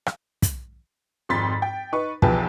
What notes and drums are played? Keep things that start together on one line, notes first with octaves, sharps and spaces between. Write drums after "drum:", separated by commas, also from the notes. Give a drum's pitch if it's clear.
drum: rim click
drum: kick, hi-hat
G#1 F2 C6 A6 B6
G5
D#4 B4 C#6
B1 E2 F3 G4 B4 A5, drum: kick